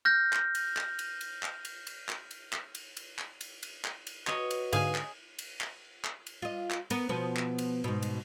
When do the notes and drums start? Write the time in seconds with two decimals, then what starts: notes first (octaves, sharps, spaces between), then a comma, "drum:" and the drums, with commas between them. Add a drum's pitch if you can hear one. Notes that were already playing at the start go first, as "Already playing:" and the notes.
0.05 F6 G6 A#6
0.33 drum: clap
0.55 drum: cymbal
0.77 drum: clap
0.99 drum: cymbal
1.21 drum: cymbal
1.43 drum: clap
1.65 drum: cymbal
1.87 drum: cymbal
2.09 drum: clap
2.31 drum: cymbal
2.53 drum: clap
2.75 drum: cymbal
2.97 drum: cymbal
3.19 drum: clap
3.41 drum: cymbal
3.63 drum: cymbal
3.85 drum: clap
4.07 drum: cymbal
4.27 F#4 B4 C#5 D#5, drum: clap
4.51 drum: cymbal
4.73 G#2 D3 G#4 F5 G#5, drum: cymbal
4.95 drum: clap
5.39 drum: cymbal
5.61 drum: clap
6.05 drum: clap
6.27 drum: cymbal
6.42 F4 D#5
6.71 drum: clap
6.90 B3 A#4, drum: cymbal
7.09 B2 F3 B3
7.36 drum: clap
7.58 drum: cymbal
7.84 G#2 B2
8.02 drum: cymbal